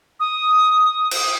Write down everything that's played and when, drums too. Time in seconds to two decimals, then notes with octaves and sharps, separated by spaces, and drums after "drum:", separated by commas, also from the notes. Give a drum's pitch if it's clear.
0.20 D#6
1.11 drum: cymbal